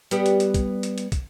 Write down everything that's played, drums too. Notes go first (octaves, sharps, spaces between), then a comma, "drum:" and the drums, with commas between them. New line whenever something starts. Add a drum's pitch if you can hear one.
G3 B3 G4, drum: hi-hat
drum: hi-hat
drum: hi-hat
drum: kick, hi-hat
drum: hi-hat
drum: hi-hat
drum: kick, hi-hat